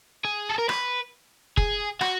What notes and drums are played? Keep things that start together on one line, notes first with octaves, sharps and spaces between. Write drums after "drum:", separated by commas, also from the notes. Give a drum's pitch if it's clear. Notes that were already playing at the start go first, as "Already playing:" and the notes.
G#4
A4
A#4
B4, drum: rim click
G#4, drum: kick F1
F#4, drum: rim click